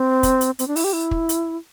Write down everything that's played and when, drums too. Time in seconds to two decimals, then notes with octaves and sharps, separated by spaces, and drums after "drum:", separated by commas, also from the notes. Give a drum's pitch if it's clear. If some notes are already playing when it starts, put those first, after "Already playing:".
Already playing: C4
0.23 drum: kick, hi-hat
0.41 drum: hi-hat
0.59 C4, drum: hi-hat
0.68 D4
0.76 E4, drum: open hi-hat
0.84 G4
0.93 E4
1.11 drum: kick
1.29 drum: hi-hat